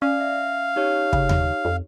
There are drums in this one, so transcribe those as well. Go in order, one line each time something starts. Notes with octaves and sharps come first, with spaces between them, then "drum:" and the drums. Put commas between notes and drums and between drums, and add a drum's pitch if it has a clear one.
C#4 D5 F5
E5
D#4 G4 C#5
C#3, drum: kick
drum: tom D#2
F2